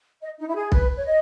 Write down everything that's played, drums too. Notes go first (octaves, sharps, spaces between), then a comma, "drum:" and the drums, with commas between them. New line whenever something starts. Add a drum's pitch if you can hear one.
D#5
D#4
E4
G#4
B4, drum: kick B1
C#5
D#5